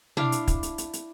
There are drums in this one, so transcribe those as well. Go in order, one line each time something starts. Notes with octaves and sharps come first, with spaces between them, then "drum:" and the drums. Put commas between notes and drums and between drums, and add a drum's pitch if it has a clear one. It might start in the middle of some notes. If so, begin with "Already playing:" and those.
D4 E4 F5, drum: tom B2
drum: hi-hat
drum: kick, hi-hat
drum: hi-hat
drum: hi-hat
drum: hi-hat